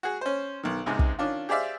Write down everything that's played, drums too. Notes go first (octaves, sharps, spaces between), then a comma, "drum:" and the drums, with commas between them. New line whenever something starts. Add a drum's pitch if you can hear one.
F#4 G#4
C#4 C5
B1 D#3
C#2 G#2 C3 G#3
drum: kick
D#3 C#4 D4 F4
G4 G#4 C5 D5 E5 F5